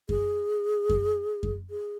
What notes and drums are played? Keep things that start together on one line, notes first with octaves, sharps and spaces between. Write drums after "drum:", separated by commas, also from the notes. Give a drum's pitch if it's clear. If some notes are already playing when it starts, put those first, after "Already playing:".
G#4, drum: kick F#2
drum: kick F#2
drum: kick F#2
G#4